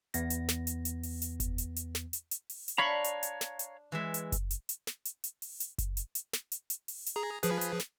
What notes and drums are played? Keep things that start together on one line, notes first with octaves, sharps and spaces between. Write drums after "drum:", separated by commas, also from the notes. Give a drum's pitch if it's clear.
E2 B3 A#6, drum: hi-hat
drum: hi-hat
drum: snare
drum: hi-hat
drum: hi-hat
drum: open hi-hat
drum: hi-hat
drum: kick F#1, hi-hat
drum: hi-hat
drum: hi-hat
drum: snare
drum: hi-hat
drum: hi-hat
drum: open hi-hat
drum: hi-hat
D4 C#5 F5 A#5 B5 C#6
drum: hi-hat
drum: hi-hat
drum: snare
drum: hi-hat
E3 G#3 E5
drum: hi-hat
drum: kick F#1, hi-hat
drum: hi-hat
drum: hi-hat
drum: snare
drum: hi-hat
drum: hi-hat
drum: open hi-hat
drum: hi-hat
drum: kick F#1, hi-hat
drum: hi-hat
drum: hi-hat
drum: snare
drum: hi-hat
drum: hi-hat
drum: open hi-hat
drum: hi-hat
G#4 A#5
F3 G#4 B4, drum: hi-hat
drum: hi-hat
drum: snare